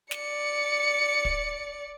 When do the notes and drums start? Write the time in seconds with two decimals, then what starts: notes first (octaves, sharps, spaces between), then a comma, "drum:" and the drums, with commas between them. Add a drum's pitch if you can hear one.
0.11 D5 C#7, drum: snare
1.25 drum: kick